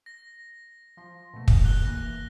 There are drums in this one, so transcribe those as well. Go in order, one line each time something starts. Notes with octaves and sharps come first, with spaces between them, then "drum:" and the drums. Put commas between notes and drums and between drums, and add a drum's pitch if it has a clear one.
A#6
F3 C6
B2 A3
drum: kick
F#6 G7
E3 A#3 F#6 A#6